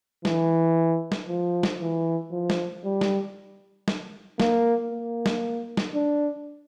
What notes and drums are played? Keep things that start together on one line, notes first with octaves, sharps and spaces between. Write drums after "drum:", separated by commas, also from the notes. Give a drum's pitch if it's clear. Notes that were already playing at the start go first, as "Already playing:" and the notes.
E3, drum: snare
drum: snare
F3
drum: snare
E3
F3
drum: snare
G3
drum: snare
drum: snare
A#3, drum: snare
A#3
drum: snare
drum: snare
D4